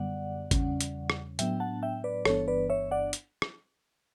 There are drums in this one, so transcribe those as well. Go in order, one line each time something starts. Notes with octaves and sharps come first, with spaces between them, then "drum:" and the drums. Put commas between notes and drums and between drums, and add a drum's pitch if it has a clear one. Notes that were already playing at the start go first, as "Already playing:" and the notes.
Already playing: F#2 D3 G3 B3 D5 F#5
E2 C#3 G3 C#4, drum: kick G#1, hi-hat
drum: hi-hat
drum: rim click
A2 F#3 B3 D4 E5 G5, drum: hi-hat
F#5 A5
E5 G5
B4 D5
G1 G2 E3 B3 D4 A4 C#5, drum: rim click
B4 D5
C#5 E5
D5 F#5
drum: hi-hat
drum: rim click